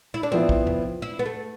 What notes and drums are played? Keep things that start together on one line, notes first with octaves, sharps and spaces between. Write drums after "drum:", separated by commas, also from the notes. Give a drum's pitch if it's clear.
E4
D4
A2 F3 B3 C4 E4
drum: kick
drum: tom E2
E4
B3
A3